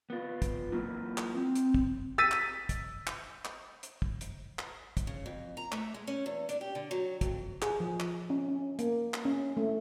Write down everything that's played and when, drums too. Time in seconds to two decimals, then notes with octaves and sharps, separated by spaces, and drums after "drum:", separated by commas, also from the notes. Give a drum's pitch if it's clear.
0.10 B3 F4
0.42 drum: kick, hi-hat
0.72 F#3 A#3 E4 F4
1.18 drum: clap
1.35 C4
1.56 drum: hi-hat
1.74 drum: kick
2.18 E6 A6 B6 D#7
2.31 drum: clap
2.69 drum: kick, hi-hat
3.07 drum: clap
3.45 drum: clap
3.83 drum: hi-hat
4.02 drum: kick
4.21 drum: hi-hat
4.59 drum: clap
4.97 drum: kick, hi-hat
5.07 C#3
5.26 F2
5.57 A#5
5.72 A3, drum: clap
5.94 G#3
6.07 C#4
6.26 E2
6.49 D4, drum: hi-hat
6.61 G4
6.75 D3
6.91 F#3
7.21 F2, drum: kick, hi-hat
7.62 G#4, drum: clap
7.80 F3
8.00 drum: clap
8.30 C#4
8.49 C#4
8.79 A#3, drum: hi-hat
9.14 drum: clap
9.25 C#4
9.57 A3